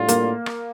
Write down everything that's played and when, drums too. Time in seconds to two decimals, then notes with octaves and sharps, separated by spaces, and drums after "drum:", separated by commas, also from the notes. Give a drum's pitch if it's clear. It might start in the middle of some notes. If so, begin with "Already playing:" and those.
Already playing: A2 G3 D4 F4
0.08 A#3, drum: hi-hat
0.46 drum: rim click